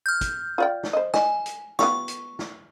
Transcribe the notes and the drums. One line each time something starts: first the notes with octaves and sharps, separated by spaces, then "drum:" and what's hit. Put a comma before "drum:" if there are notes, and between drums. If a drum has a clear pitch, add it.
F6 G6
drum: kick, hi-hat
F4 D5 G5
drum: snare
C5 D#5
D#5 G#5, drum: snare
drum: hi-hat
B3 F4 G4 C#6, drum: snare
drum: hi-hat
drum: snare